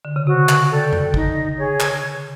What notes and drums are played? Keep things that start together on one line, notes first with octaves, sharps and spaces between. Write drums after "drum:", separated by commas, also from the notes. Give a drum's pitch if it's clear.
D3
C#3
C3 F#4
drum: clap
A4 D5 G5
drum: tom F2
D#4, drum: kick
G#4 C#5
drum: clap